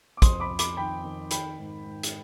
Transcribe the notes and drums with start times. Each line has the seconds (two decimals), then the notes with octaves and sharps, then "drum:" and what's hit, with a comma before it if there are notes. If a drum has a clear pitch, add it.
0.17 D6
0.22 F2 C6 D#6, drum: kick, hi-hat
0.40 B5 D6
0.50 F2
0.59 B5 D6, drum: hi-hat
0.77 D#3 G5 B5
1.03 D#3
1.31 D#3 G5 B5, drum: hi-hat
1.59 G#2
1.86 G#2
2.03 drum: hi-hat